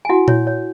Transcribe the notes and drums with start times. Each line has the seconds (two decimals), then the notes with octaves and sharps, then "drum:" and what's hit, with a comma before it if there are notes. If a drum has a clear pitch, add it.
0.05 G#5
0.09 E4 F#4 F#5
0.28 E4 C#5, drum: tom A#2
0.47 C#5